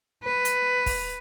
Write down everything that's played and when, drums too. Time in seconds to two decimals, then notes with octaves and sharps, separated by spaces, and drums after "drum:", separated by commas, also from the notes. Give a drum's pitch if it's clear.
0.24 B4
0.45 drum: hi-hat
0.86 drum: kick, open hi-hat